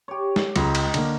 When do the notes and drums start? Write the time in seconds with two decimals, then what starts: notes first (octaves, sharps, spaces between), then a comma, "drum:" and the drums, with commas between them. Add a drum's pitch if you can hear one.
0.08 G4 C#5
0.36 drum: snare
0.56 C#2 D#4, drum: cymbal
0.75 drum: cymbal
0.94 D3 A#3, drum: cymbal